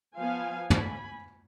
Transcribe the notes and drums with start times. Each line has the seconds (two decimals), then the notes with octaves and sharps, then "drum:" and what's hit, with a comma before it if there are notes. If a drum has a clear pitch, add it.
0.17 F3 B3 F5 G#5
0.70 G#5 B5, drum: tom